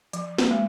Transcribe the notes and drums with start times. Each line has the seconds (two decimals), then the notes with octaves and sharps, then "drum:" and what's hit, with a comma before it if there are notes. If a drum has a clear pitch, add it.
0.13 F3, drum: hi-hat
0.38 A#3, drum: snare
0.51 G#3